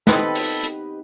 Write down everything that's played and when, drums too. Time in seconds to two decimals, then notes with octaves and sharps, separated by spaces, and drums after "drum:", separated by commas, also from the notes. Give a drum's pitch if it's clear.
0.07 B3 C4 D#4 G4 A4 B4 D#5 B5, drum: snare
0.35 drum: open hi-hat
0.64 drum: hi-hat